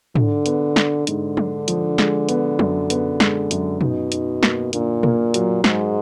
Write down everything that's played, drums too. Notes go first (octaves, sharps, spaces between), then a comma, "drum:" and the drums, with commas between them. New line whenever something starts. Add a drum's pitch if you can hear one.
D3 D4, drum: tom G#2
B3, drum: hi-hat
D4, drum: snare
G#2 D3, drum: hi-hat
D4, drum: tom
F3, drum: hi-hat
G#3, drum: snare
B3, drum: hi-hat
F#2, drum: tom
B3, drum: hi-hat
G#3, drum: snare
F#2, drum: hi-hat
B2 D#4, drum: tom A#2
D#4, drum: hi-hat
A#3, drum: snare
A#2 D3, drum: hi-hat
A#3, drum: tom A#2
F#3, drum: hi-hat
G#2 G#3, drum: snare